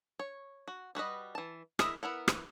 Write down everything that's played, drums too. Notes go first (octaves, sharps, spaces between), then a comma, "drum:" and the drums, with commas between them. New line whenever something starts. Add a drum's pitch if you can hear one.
C#5
F#4
G3 F#4 B4 D#5
E3 A5
E4 G#4 A#4 D#5 E5, drum: rim click
B3 E4 A#4 F#5
drum: rim click